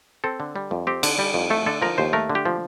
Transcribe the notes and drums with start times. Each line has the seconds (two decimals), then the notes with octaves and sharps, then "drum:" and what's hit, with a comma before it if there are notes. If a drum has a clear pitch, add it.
0.24 C4 A4
0.40 D3
0.56 G3
0.71 F2
0.87 C4 G4
1.03 D3, drum: cymbal
1.19 G3
1.34 F2
1.50 A3 A4
1.66 D3 A4
1.82 F3 A#4
1.98 D#2 C5
2.13 A3 A#4
2.29 D3
2.35 G4
2.45 F3